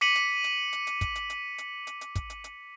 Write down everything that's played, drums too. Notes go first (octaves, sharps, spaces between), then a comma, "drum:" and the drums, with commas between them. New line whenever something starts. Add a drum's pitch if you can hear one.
D6 B6 C#7 D#7 F#7, drum: hi-hat
drum: hi-hat
drum: hi-hat
drum: hi-hat
drum: hi-hat
drum: kick, hi-hat
drum: hi-hat
drum: hi-hat
drum: hi-hat
drum: hi-hat
drum: hi-hat
drum: kick, hi-hat
drum: hi-hat
drum: hi-hat